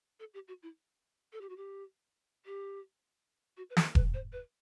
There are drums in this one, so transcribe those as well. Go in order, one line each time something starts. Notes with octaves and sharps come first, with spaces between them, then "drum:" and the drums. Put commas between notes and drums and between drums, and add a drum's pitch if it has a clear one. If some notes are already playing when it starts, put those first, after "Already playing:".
A4
G4
F#4
E4
A4
G4
F#4
G4
G4
F#4
B4
A4, drum: snare
B4, drum: kick E1
C5
B4